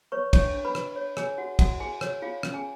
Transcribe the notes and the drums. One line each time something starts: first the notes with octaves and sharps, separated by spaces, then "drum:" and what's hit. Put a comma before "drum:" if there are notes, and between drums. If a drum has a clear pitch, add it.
B4 C#5 C#6
D4 C#5 C#6, drum: kick, cymbal
D4
B4 B5
B4, drum: rim click
C#5
G#4 C#5 G#5, drum: rim click
F#4 F#5
F#4 F#5, drum: kick, cymbal
F#4 G#4 G#5
C#5, drum: rim click
F4 G#4 F5
C#4, drum: rim click
G#4 G#5